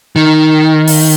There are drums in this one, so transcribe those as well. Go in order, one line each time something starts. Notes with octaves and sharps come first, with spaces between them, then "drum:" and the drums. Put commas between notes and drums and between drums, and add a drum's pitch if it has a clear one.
D#3
drum: open hi-hat